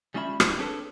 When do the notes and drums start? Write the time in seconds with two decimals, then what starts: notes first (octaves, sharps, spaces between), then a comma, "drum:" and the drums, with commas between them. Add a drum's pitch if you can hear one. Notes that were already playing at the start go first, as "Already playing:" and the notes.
0.14 G3 G#3 C#4 F4 E5 B5
0.40 A#3 E4, drum: rim click
0.58 C4 D4 G#4 A4 B4 C#5